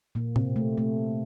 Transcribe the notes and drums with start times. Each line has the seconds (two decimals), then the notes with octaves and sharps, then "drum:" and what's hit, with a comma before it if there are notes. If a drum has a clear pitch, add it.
0.15 A#2 A#3
0.36 C3 C4, drum: tom A2
0.56 A3
0.78 A3